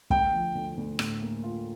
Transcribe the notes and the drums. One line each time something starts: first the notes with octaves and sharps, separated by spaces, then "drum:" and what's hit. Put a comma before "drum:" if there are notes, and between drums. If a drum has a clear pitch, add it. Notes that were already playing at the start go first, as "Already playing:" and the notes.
D2 G5, drum: kick
F3
D2
D2
A2, drum: rim click
A#3
F4